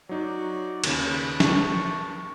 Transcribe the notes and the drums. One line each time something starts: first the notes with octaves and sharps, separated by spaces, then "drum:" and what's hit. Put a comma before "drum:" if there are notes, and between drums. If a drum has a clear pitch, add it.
F#3 D#4 F#4 C#5 D5
D#2 C#3 G#3 B4, drum: cymbal
A5 C#6, drum: snare